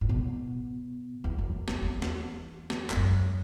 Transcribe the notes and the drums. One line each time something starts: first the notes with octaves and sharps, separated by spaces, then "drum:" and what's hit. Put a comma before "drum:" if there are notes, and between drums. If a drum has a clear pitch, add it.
A2
B2
E2
F#2
F#2, drum: snare
E2
drum: snare
drum: snare
G#2, drum: clap
F#2